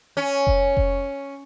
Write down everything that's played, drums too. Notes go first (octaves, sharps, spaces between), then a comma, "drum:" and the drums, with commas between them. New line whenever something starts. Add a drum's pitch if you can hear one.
C#4
drum: kick F1
drum: kick F1